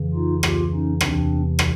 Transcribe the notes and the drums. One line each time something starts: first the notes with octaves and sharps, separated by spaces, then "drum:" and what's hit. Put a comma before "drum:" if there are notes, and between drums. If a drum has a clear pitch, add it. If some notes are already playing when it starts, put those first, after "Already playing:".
Already playing: F2 C#3 E3
D#4 F4
F4 G4, drum: rim click
C#4 D#4
E2 C3 E3 C4 D4, drum: rim click
drum: rim click